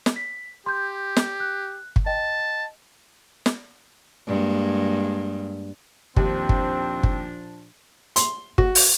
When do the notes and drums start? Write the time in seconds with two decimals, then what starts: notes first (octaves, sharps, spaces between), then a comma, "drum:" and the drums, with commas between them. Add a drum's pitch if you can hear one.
0.06 drum: snare
0.16 B6
0.66 G4 C6 G6
1.16 drum: snare
1.40 F#6
1.96 drum: kick
2.06 D#5 G5 A5
3.46 drum: snare
4.27 G2 G#3 A#3
6.16 D#2 A#2 F3 C4 D4, drum: kick
6.49 drum: kick
7.03 drum: kick
8.16 C6, drum: hi-hat
8.58 F#4, drum: kick
8.75 drum: open hi-hat